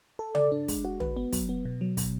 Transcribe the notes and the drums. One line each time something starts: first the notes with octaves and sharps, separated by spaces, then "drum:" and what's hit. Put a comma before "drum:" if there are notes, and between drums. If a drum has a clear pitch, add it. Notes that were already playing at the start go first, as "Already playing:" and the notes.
A4
D5, drum: tom C#3
D4
G#3, drum: kick, open hi-hat
F#4
B4, drum: tom
B3
F#3, drum: kick, open hi-hat
B3
B2
F#3
B2, drum: kick, open hi-hat